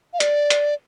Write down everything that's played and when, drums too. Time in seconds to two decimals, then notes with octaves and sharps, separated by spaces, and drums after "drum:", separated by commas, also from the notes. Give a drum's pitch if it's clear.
0.13 F5
0.20 D5, drum: hi-hat
0.50 drum: hi-hat